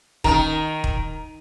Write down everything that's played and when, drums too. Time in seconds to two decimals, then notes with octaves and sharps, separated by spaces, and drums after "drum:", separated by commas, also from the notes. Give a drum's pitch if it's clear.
0.24 D#3 A#5, drum: kick D#1
0.84 drum: kick D#1